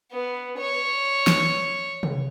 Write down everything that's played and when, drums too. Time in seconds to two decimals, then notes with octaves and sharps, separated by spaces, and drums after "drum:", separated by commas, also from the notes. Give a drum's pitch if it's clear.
0.13 B3
0.59 C#5
1.27 drum: snare
2.03 drum: tom C3